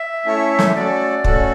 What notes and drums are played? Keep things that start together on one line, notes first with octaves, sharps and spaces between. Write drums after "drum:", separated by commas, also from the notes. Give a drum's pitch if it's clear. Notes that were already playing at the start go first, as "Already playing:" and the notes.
Already playing: E5
A3 C#4 E4 A4 C#5
drum: snare
A3 C#4 F#4 A4 D5
A3 C#4 F#4 A4, drum: kick